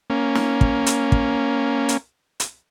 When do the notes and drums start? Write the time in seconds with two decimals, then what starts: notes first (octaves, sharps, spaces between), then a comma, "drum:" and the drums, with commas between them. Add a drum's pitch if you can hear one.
0.10 A#3 C#4
0.35 drum: snare
0.61 drum: kick
0.86 drum: hi-hat
1.12 drum: kick
1.89 drum: hi-hat
2.40 drum: hi-hat